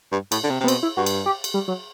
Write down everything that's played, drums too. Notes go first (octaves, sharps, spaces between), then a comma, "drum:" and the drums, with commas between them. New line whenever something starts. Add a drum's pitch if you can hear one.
G2
A2, drum: cymbal
D3
C3
C3
B3
B2 C4, drum: cymbal
E4
G2 F#4
drum: cymbal
G4
drum: cymbal
G3
F#3